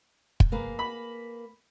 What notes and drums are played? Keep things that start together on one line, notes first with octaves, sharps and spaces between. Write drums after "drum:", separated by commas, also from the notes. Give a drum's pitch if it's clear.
drum: kick
A#3 G#4 B4
B5